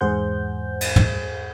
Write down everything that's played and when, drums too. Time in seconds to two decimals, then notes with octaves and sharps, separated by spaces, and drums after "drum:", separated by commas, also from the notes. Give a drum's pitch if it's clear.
0.01 E2 G#2 G#4 C5 F#5 G6
0.81 drum: cymbal
0.96 drum: tom